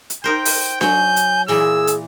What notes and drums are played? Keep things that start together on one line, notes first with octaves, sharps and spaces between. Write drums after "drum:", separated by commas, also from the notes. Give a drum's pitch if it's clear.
drum: hi-hat
D#4 A#4 C5 G5
drum: open hi-hat
F#3 G#5 G6, drum: snare D4
drum: hi-hat
A#2 E3 A#3 G#4 E6
drum: hi-hat